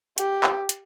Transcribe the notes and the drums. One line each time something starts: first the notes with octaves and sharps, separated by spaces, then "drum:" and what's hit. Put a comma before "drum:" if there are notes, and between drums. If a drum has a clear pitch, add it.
G4, drum: hi-hat
drum: clap
drum: hi-hat